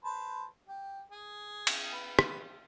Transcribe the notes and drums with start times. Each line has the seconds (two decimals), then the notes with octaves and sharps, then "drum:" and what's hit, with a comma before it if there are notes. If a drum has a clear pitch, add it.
0.04 B4 C5 A5
0.68 G4
1.12 G#4
1.67 drum: cymbal
1.93 B3
2.19 drum: rim click